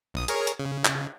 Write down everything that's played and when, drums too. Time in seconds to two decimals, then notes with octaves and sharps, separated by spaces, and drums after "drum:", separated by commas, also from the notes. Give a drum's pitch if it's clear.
0.14 B1 D#6
0.28 G#4 A#4 C#5, drum: hi-hat
0.47 drum: hi-hat
0.59 C#3
0.85 drum: clap